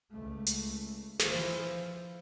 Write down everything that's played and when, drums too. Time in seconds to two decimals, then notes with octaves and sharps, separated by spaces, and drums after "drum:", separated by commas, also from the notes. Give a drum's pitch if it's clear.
0.11 C#2 A3
0.47 drum: hi-hat
1.19 E3 F3, drum: snare